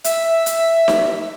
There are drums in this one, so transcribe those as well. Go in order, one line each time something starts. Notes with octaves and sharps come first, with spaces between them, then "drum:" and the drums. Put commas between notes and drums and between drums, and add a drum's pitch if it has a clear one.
E5, drum: hi-hat
drum: hi-hat
drum: snare D#4